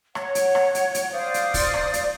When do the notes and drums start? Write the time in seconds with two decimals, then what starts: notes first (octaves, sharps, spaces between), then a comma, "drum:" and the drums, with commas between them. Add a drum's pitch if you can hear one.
0.15 C#5 F#5, drum: rim click
0.35 drum: hi-hat
0.55 drum: rim click
0.75 drum: hi-hat
0.94 drum: hi-hat
1.11 C5 D5 F5 D#6
1.34 drum: hi-hat
1.54 drum: kick, open hi-hat
1.74 drum: rim click
1.94 drum: hi-hat